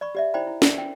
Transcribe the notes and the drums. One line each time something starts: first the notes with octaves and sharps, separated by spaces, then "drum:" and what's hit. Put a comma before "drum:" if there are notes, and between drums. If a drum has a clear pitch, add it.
D5 B5 C#6
G4 D5 E5
D#4 E4 C5 D5 G5 B5
E4
A#4 D5, drum: snare
G5